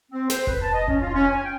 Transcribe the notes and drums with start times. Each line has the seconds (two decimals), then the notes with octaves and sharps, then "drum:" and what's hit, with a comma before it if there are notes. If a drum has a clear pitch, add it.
0.12 C4
0.30 C5, drum: snare
0.47 B4, drum: kick F1
0.62 A5
0.74 D#5
0.88 C#4, drum: kick F1
1.01 F4
1.14 C#4
1.29 G#5
1.45 G5